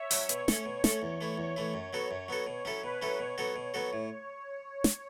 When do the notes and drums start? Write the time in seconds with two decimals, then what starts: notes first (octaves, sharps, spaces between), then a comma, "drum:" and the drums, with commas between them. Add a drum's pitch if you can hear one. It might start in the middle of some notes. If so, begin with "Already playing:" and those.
Already playing: C#5 E5
0.11 F#3 C#4, drum: open hi-hat
0.29 B2 C#5, drum: hi-hat
0.48 A3 C#4 A4, drum: snare
0.66 B2
0.84 A3 C#4 A4, drum: snare
1.02 E2
1.21 E3 A3 E4
1.38 E2 C#5
1.56 E3 A3 E4
1.74 F#2
1.93 F#3 B3 F#4 A4
2.11 F#2 C#5
2.28 F#3 B3 F#4 A4
2.47 B2
2.65 F#3 C#4 E4 A4
2.83 B2 B4
3.02 F#3 C#4 E4 A4
3.19 B2 C#5
3.38 F#3 B3 F#4 A4
3.56 B2
3.74 F#3 B3 F#4 A4
3.93 A2
4.84 drum: snare